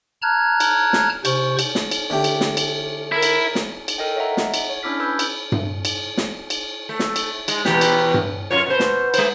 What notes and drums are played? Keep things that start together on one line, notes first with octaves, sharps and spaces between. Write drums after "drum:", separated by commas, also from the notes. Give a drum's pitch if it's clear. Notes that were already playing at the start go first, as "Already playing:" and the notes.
A5 A#5 F6 F#6 G#6
drum: cymbal
drum: snare
C3 C5 C#6, drum: cymbal
drum: cymbal
drum: snare
drum: cymbal
D3 A3 G4
drum: cymbal
drum: snare
drum: cymbal
E4 A#4
drum: cymbal
drum: snare
drum: cymbal
A4 A#4 D#5 G5
C#5 D#5 E5 F#5 A#5
drum: snare
drum: cymbal
C#5
C#4 D4 E4 D6 F6 B6
B4 B5 E6 G6 G#6
drum: cymbal
drum: tom G2
drum: cymbal
drum: snare
drum: cymbal
A3
drum: snare
drum: cymbal
G#3, drum: cymbal
E2 B2 G4, drum: snare
drum: cymbal
drum: tom G2
F#2 F4 C#5
B2 C5
drum: snare
G#3 C5, drum: cymbal